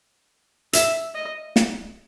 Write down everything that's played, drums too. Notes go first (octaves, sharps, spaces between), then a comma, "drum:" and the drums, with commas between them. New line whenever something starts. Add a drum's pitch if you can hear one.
E5, drum: hi-hat
D#5
drum: snare